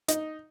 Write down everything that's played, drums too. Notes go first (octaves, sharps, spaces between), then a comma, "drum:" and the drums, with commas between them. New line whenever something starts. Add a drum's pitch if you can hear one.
D#4, drum: hi-hat